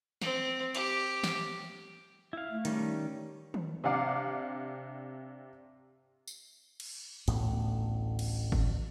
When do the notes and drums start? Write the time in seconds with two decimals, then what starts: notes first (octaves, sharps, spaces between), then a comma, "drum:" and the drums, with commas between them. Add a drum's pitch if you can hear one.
0.22 C4, drum: snare
0.75 G4, drum: hi-hat
1.24 drum: snare
2.33 E4 F5
2.50 A3
2.65 D#3 G3 C#4, drum: hi-hat
3.54 drum: tom D#3
3.84 C3 D4 F5 F#5 D6
6.28 drum: tambourine
6.80 drum: cymbal
7.28 A1 D2 A2 B3, drum: hi-hat
8.19 drum: cymbal
8.52 drum: kick G1